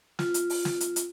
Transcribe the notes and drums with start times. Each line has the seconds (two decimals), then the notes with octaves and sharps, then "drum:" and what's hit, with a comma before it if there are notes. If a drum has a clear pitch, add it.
0.19 F4, drum: snare
0.34 drum: hi-hat
0.50 drum: open hi-hat
0.65 drum: snare
0.81 drum: hi-hat
0.96 drum: hi-hat